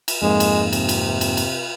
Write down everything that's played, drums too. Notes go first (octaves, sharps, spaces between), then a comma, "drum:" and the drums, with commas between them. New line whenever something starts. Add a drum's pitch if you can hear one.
drum: cymbal
F2 G#2 G#3 A#3
drum: cymbal
C3, drum: cymbal
drum: cymbal
drum: cymbal
drum: cymbal